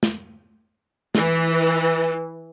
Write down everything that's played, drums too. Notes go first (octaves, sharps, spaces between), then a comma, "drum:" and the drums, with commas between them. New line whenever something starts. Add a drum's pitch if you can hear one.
drum: snare
E3, drum: snare
drum: hi-hat